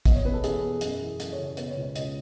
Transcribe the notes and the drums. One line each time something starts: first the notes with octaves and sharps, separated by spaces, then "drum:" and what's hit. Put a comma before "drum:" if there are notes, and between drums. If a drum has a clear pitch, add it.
B2 D#5, drum: kick, hi-hat
C#5
E2 B4
A4
E2 G#4, drum: hi-hat
B2
F#2, drum: hi-hat
E3
F#2 A4, drum: hi-hat
C#5
C#3
C#5
B2 B4, drum: hi-hat
C#5
C#2
C#5
C#2 D#5, drum: hi-hat